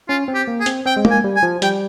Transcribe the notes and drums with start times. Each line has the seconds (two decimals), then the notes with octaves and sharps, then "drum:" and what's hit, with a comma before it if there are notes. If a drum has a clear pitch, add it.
0.09 C#4 F4
0.28 C4
0.34 G4
0.47 A#3
0.60 G#4
0.66 C4, drum: hi-hat
0.86 C4 G5
0.97 G#3
1.05 A#3, drum: tom
1.11 G#5
1.24 G3
1.36 G#5
1.43 F3
1.62 G3 G5, drum: hi-hat